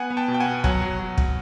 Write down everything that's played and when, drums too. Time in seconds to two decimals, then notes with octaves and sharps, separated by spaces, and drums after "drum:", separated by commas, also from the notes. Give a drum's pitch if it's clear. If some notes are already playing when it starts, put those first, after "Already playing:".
Already playing: B3 F#5 G#5
0.10 B3
0.17 G5 A5
0.28 B2
0.34 G5
0.40 F#5 G#5
0.46 B2
0.64 F#3 F#5 G#5, drum: kick
0.82 F#3
0.99 F#3
1.18 drum: kick